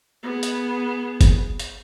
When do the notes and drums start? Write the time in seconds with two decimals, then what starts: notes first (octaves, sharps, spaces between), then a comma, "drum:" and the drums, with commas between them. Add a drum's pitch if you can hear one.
0.23 B3 G#4
0.43 drum: hi-hat
1.21 drum: kick F#1, hi-hat
1.60 drum: hi-hat